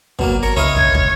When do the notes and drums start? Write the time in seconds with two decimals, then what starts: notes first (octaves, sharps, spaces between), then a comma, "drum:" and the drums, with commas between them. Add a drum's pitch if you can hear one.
0.19 B2 F#3 A#3, drum: kick
0.43 A#4 C#5 C#6
0.57 C#2 E4 C#5 D#5 F5
0.76 G#6, drum: kick
0.95 drum: kick